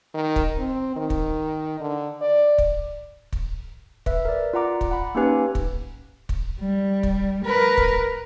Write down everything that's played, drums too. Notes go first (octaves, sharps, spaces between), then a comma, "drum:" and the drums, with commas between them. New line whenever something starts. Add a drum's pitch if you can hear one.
D#3
drum: kick
C4
D#3
drum: kick
D3
D5
drum: kick
drum: kick
B4 E5, drum: kick
A#4 D5
F4 D5 F#5 A#5 D6
drum: kick
F#5 B5
A#3 C#4 D#4 G4 B4 G#5
drum: kick
drum: kick
G3
drum: kick
A#4 B4
drum: kick